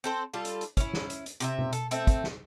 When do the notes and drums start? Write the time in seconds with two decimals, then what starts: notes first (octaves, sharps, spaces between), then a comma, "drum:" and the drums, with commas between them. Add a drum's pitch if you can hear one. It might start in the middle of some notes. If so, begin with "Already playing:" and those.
0.04 C4 A4 C5
0.33 G3 F4 A4
0.45 drum: hi-hat
0.61 drum: hi-hat
0.77 C#4 E4, drum: kick, hi-hat
0.94 drum: snare
1.10 drum: hi-hat
1.26 drum: hi-hat
1.40 C3 G4 E5, drum: hi-hat
1.59 drum: tom B2
1.73 A4, drum: hi-hat
1.91 A3 C4 E5, drum: hi-hat
2.07 drum: kick, hi-hat
2.24 drum: snare